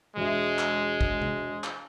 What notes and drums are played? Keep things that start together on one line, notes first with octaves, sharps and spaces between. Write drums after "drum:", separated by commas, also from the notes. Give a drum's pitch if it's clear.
E1 G#3 E5
drum: clap
drum: kick
drum: tom C3
drum: clap